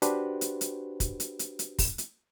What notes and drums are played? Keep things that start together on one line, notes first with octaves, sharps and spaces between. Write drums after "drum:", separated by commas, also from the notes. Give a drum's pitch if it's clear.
D4 F#4 G4 B4 C5, drum: hi-hat
drum: hi-hat
drum: hi-hat
drum: kick, hi-hat
drum: hi-hat
drum: hi-hat
drum: hi-hat
drum: kick, open hi-hat
drum: hi-hat